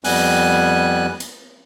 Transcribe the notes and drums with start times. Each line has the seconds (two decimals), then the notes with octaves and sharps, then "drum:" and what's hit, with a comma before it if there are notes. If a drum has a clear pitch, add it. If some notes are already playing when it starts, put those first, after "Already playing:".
0.04 F2 G3 B3 G#5 F#6, drum: open hi-hat
1.20 drum: hi-hat